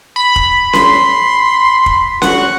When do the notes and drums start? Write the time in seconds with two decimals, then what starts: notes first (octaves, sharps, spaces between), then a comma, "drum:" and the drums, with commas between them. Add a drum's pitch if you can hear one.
0.16 B5
0.36 drum: kick
0.73 C6, drum: snare C#4
1.86 drum: kick
2.22 F#4 F#5, drum: snare C#4